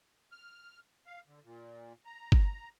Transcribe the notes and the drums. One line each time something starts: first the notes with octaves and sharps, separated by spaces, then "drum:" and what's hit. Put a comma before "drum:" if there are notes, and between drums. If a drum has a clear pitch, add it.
F6
F5
D3
A#2
A#5
drum: kick G1